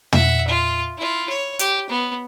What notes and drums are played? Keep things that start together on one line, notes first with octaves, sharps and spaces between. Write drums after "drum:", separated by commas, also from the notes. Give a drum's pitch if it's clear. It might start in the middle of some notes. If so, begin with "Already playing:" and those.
E5 F#5, drum: tom
F4
E4 F4
C#5
G4, drum: hi-hat
B3